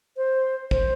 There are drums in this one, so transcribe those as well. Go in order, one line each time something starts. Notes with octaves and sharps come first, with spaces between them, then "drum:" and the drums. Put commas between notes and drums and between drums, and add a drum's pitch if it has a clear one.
C5
C5, drum: kick